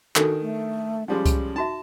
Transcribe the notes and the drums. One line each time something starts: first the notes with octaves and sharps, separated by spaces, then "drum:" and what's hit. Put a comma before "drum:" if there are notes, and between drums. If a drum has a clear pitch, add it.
D#3 D4 D#4 F#4 A4, drum: clap
A3
F3 G3 G#3 C#4
drum: kick C2, hi-hat
D#4 F#4 E5 A5